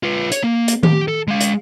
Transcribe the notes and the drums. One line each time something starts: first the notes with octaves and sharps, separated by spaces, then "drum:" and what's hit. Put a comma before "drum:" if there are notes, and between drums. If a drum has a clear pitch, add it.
F4 B4
C#5, drum: hi-hat
A#3
drum: hi-hat
G4, drum: tom D#3
A4
G#3 F5
drum: hi-hat